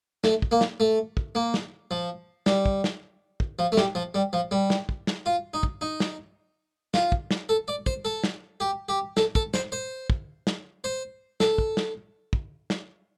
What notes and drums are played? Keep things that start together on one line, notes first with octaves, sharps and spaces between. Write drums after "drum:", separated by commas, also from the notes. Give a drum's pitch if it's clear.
A3, drum: snare
drum: kick
A#3
drum: snare
A3
drum: kick
A#3
drum: snare
F3
G3, drum: snare
drum: kick
drum: snare
drum: kick
F3
A3
G3, drum: snare
F3
G3
F3
G3
drum: snare
drum: kick
drum: snare
F4
D#4
drum: kick
D#4
drum: snare
F4, drum: snare
drum: kick
drum: snare
A4
D5
C5, drum: kick
A4
drum: snare
G4
G4
A4, drum: snare
A4, drum: kick
C5, drum: snare
C5
drum: kick
drum: snare
C5
A4, drum: snare
drum: kick
drum: snare
drum: kick
drum: snare